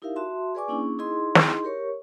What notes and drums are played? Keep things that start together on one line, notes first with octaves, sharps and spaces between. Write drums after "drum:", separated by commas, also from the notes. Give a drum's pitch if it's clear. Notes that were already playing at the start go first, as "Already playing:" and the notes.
D#4 E4 G4 A#4 E5 F5
F#4 E5 A5 C6
G#4 B4 D5 G#5 C#6 D6
A#3 C#4 D4 E4 G#4 C#6
D#4 E4 G#4 D#5 C6
drum: snare
G4 A#4 C#5 C#6